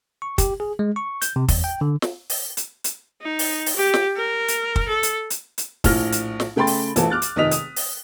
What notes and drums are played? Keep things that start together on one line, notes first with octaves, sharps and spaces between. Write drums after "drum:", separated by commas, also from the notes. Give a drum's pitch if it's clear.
C#6
G4, drum: kick, hi-hat
G#4
G#3
C#6
G6, drum: hi-hat
C3
E2, drum: kick, open hi-hat
G5
D3
drum: snare
drum: open hi-hat
drum: hi-hat
drum: hi-hat
D#4
drum: open hi-hat
drum: open hi-hat
G4
drum: snare
A#4
drum: hi-hat
drum: kick
A4
drum: hi-hat
drum: hi-hat
drum: hi-hat
A#1 A2 F6 A#6, drum: kick, open hi-hat
drum: hi-hat
drum: snare
C#3 A3 G5 B5 C6 A6
drum: open hi-hat
A#1 E3 A3 A5, drum: hi-hat
D6 F6 F#6 A6
drum: hi-hat
F1 D#3 D#5 D#6 B6 F7
D#6, drum: hi-hat
drum: open hi-hat